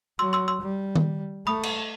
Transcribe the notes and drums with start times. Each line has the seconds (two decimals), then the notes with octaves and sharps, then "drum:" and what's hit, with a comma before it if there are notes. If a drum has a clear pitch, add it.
0.19 F#3 C6 E6
0.33 C6 E6
0.48 C6 E6
0.61 G3
0.96 drum: tom D#3
1.47 A3 B5 D#6
1.63 drum: cymbal